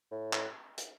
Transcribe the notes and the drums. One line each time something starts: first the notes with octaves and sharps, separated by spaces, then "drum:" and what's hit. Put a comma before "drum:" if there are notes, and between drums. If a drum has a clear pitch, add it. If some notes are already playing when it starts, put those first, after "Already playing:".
A2
A2, drum: clap
drum: hi-hat